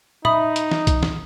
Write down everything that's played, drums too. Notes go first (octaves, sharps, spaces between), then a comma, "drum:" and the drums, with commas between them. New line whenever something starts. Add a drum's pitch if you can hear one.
D#4 E5 B5 D#6, drum: tom
drum: hi-hat
drum: snare
drum: kick, hi-hat
drum: snare